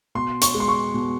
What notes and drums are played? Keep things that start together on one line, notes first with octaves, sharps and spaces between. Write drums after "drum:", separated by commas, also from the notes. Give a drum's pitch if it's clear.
B2 C6
C#6, drum: hi-hat
G#3
C6
C#6
B2